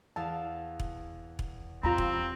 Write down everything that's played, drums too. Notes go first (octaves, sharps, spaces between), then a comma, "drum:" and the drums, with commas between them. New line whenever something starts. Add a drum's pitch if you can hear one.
E2 F5 A5 E6
drum: kick E1
drum: kick E1
E2 G3 C4 F4 A#5 B5
drum: kick E1